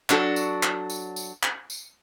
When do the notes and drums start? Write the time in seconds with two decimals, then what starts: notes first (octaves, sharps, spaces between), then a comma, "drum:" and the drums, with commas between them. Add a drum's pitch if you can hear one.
0.10 F#3 D4 F#4 A4, drum: clap
0.36 drum: tambourine
0.63 drum: clap
0.90 drum: tambourine
1.16 drum: tambourine
1.43 drum: clap
1.70 drum: tambourine